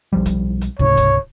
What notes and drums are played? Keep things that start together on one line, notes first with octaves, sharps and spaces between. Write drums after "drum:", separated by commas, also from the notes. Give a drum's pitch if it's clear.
B1 F3 G3
drum: kick, hi-hat
drum: hi-hat
C#2 G#2 C3 C#5, drum: kick
drum: kick, hi-hat